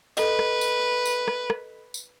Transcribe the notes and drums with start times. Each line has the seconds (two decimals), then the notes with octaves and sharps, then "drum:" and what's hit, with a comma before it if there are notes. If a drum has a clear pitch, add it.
0.17 A4 B4 D#5, drum: tambourine
0.39 drum: rim click
0.61 drum: tambourine
1.06 drum: tambourine
1.28 drum: rim click
1.50 drum: rim click
1.94 drum: tambourine